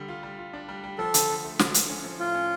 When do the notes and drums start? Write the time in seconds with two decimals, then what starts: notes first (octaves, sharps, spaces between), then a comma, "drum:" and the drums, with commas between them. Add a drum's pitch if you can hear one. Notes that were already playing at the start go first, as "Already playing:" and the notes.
Already playing: D3 G3
0.08 F4
0.23 G3
0.38 F4
0.53 D4
0.68 G3
0.84 G3
0.98 F3 A4
1.14 D3, drum: hi-hat
1.29 D3
1.44 A3
1.59 D3, drum: snare
1.74 F3, drum: hi-hat
1.89 C#4
2.05 F3
2.19 A2 F4
2.35 C#4